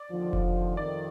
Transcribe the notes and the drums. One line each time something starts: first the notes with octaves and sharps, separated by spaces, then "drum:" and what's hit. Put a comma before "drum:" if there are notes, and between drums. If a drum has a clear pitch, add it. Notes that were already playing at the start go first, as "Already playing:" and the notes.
Already playing: D5
D#2 D3 F3
drum: kick F1
F2 C3 D#3 D5